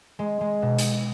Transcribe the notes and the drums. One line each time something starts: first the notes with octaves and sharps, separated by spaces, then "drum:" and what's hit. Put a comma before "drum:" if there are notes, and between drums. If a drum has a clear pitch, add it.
G#3
G#3
B2
drum: hi-hat